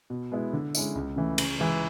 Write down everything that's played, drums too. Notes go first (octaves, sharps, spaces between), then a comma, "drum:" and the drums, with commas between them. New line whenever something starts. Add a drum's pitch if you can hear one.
B2
G#3 B3 E4
D3
G#3 C#4 E4, drum: tambourine
C#2
C#3 E3 A3
C#3, drum: cymbal
E3 G#3